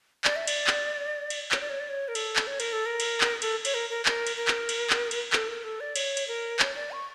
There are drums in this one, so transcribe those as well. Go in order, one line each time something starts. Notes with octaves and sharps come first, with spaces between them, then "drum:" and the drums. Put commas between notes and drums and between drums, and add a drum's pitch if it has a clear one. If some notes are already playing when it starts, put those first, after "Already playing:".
D5, drum: clap
E5
D5, drum: cymbal
drum: clap
drum: cymbal
C#5, drum: clap
D5
C#5
D5
C#5
A#4
A4, drum: cymbal
drum: clap
C#5
A#4, drum: cymbal
A4
A#4
drum: cymbal
drum: clap
A4, drum: cymbal
C#5, drum: cymbal
A#4
A#4
A#4, drum: clap
drum: cymbal
A#4
drum: clap
drum: cymbal
drum: clap
drum: cymbal
A4, drum: clap
A#4
A4
D5
C#5, drum: cymbal
drum: cymbal
A#4
C#5, drum: clap
D5
C#6